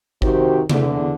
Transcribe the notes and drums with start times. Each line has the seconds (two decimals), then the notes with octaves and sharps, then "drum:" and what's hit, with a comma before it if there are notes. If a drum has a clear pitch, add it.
0.22 C3 D#3 F#4 G4 C5, drum: kick G#1
0.70 E2 D3, drum: tom C3